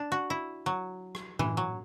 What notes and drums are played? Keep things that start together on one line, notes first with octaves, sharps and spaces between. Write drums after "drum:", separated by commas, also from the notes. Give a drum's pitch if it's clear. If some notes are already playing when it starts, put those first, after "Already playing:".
Already playing: D4
F#4
E4
F#3
drum: rim click
E3, drum: tom A2
F#3